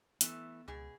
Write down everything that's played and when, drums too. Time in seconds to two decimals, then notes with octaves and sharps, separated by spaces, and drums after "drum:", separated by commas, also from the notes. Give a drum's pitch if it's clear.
0.21 E3 A3 B3, drum: hi-hat
0.68 C#2 B2 G#4